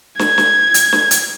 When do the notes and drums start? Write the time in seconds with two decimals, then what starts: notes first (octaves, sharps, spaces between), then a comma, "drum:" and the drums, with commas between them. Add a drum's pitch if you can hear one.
0.19 G#6, drum: snare
0.38 drum: snare
0.74 drum: hi-hat
0.92 drum: snare
1.11 drum: hi-hat